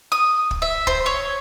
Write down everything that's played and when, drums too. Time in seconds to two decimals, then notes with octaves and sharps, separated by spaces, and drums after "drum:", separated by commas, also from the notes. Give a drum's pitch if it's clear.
0.12 D#6
0.51 drum: kick
0.62 E5
0.87 C5, drum: kick
1.06 C#5